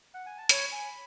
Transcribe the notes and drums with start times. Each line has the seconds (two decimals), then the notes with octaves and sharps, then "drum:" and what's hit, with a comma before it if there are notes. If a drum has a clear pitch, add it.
0.14 F#5
0.26 G#5
0.38 A5
0.49 C#5 B5, drum: hi-hat
0.72 G#5